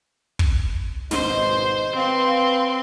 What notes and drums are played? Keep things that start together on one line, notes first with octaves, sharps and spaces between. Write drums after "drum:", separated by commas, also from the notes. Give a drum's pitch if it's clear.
drum: kick
G#1 B2 C5 D#5, drum: snare
C4 B4 F5 C6